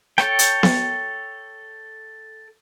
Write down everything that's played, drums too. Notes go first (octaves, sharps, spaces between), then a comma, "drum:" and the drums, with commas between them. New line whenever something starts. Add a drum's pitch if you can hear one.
A4 C#5 G5, drum: rim click
drum: hi-hat
drum: snare B3